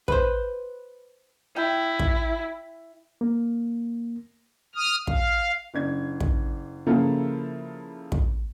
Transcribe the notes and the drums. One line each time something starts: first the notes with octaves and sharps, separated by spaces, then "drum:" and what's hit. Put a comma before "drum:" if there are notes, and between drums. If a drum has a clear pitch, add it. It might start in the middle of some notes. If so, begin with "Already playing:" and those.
B4 C5, drum: kick
E4 G5
drum: kick
A#3
D#6 F6
F5, drum: kick
F#1 D4 G#6
drum: kick
C#3 F3 A#3 E4 A4
drum: kick